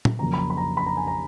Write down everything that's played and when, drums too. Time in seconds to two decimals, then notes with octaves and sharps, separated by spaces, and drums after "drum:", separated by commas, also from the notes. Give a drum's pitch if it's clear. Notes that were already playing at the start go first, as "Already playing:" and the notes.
0.05 drum: tom A#2
0.19 F2 C#3 F#3 A#3 A#5
0.33 B5
0.39 A#5
0.50 B5
0.57 A#5
0.77 B5
0.86 A#5
0.97 G#5
1.07 A#5